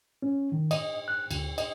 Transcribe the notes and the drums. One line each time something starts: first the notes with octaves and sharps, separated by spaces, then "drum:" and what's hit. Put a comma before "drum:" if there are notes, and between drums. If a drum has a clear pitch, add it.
C#4
D#3
D#5, drum: cymbal
F#6
D2, drum: cymbal
D#5, drum: cymbal